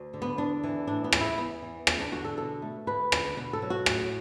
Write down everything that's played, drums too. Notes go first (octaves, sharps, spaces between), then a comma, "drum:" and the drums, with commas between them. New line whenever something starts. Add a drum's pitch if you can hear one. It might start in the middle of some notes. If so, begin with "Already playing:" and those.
Already playing: D2
D3
B3
E2 D4
E3
A2 D4
B3
E3, drum: rim click
E4
E2 B3
E3
E2, drum: rim click
D4
D3 F#4
A4
B2 A4
A3
D2 B4
D3, drum: rim click
B2 B4
A4
F#3
F#4
A2, drum: rim click